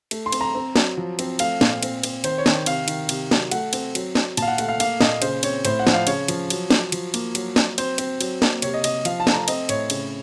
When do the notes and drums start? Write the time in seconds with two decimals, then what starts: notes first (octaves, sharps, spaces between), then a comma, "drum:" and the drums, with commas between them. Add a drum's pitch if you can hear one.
0.11 A3, drum: cymbal
0.26 C6
0.32 C4, drum: cymbal
0.41 A#5
0.55 C4
0.76 F#3, drum: snare
0.97 F3
1.19 C4, drum: cymbal
1.39 A3 F5, drum: cymbal
1.61 A#2, drum: snare
1.83 C4, drum: cymbal
2.03 C4, drum: cymbal
2.24 D#3 C5, drum: cymbal
2.38 C#5
2.46 D#3, drum: snare
2.66 C3 F5, drum: cymbal
2.88 D#3, drum: cymbal
3.09 C3, drum: cymbal
3.31 F#3, drum: snare
3.51 A3 F#5, drum: cymbal
3.73 C4, drum: cymbal
3.95 F#3, drum: cymbal
4.15 F#3, drum: snare
4.37 A#2 F5 A5, drum: cymbal
4.48 F#5
4.58 A3 F#5, drum: cymbal
4.69 F5
4.80 A#3 F5, drum: cymbal
5.01 A#2 D#5, drum: snare
5.22 C#3 C5, drum: cymbal
5.43 C4 C#5, drum: cymbal
5.65 A2 C5, drum: cymbal
5.79 F#5
5.87 F3, drum: snare
5.93 F5
6.07 C#3 C#5, drum: cymbal
6.28 F3, drum: cymbal
6.50 F#3, drum: cymbal
6.70 F#3, drum: snare
6.92 F3, drum: cymbal
7.14 A#3, drum: cymbal
7.35 F#3, drum: cymbal
7.56 F#3, drum: snare
7.78 C4 C5, drum: cymbal
7.98 C4, drum: cymbal
8.21 F#3, drum: cymbal
8.42 A#3, drum: snare
8.62 C3 C#5, drum: cymbal
8.74 D#5
8.84 C3 D#5, drum: cymbal
9.05 F3 F5, drum: cymbal
9.20 A5
9.27 A3, drum: snare
9.34 A#5
9.48 C4 D#5, drum: cymbal
9.69 A2 C#5, drum: cymbal
9.90 C#3, drum: cymbal